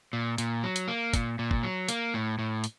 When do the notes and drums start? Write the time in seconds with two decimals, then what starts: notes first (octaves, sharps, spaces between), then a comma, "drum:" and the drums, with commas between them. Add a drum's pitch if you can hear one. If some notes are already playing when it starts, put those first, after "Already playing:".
0.13 A#2
0.38 A#2, drum: hi-hat
0.63 F#3
0.76 drum: hi-hat
0.88 A#3
1.14 A#2, drum: kick, hi-hat
1.39 A#2
1.51 drum: kick
1.63 F#3
1.89 A#3, drum: hi-hat
2.14 A2
2.39 A2
2.64 drum: hi-hat